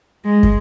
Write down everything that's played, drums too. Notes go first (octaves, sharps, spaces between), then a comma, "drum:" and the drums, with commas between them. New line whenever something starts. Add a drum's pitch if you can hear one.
G#3
drum: kick